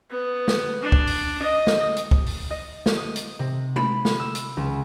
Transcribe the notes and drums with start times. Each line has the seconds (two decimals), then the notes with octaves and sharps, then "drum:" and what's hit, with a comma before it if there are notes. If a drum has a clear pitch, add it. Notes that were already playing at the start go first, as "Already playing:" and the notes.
0.11 B3
0.48 drum: snare
0.82 D4
0.92 drum: kick
1.07 drum: open hi-hat
1.42 D#5
1.67 drum: snare
1.96 drum: hi-hat
2.11 drum: kick
2.26 drum: open hi-hat
2.51 D#5
2.86 drum: snare
2.97 D#6
3.16 drum: hi-hat
3.39 C3
3.76 B5, drum: tom G#3
4.05 drum: snare
4.20 E6
4.35 drum: hi-hat
4.57 C#2